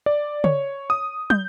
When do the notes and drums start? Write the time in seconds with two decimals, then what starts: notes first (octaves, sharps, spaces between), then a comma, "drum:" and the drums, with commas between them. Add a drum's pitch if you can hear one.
0.06 D5
0.44 C#5, drum: tom C#3
0.90 D#6
1.30 G6, drum: tom